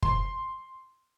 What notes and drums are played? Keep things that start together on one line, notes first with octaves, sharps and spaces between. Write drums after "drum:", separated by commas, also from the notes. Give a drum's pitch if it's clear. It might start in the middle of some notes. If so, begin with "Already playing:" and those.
C6, drum: kick